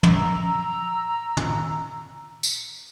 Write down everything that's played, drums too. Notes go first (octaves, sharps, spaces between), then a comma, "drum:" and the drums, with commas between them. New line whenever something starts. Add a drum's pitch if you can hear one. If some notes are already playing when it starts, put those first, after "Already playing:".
A#5 E6, drum: tom
drum: tom
drum: tambourine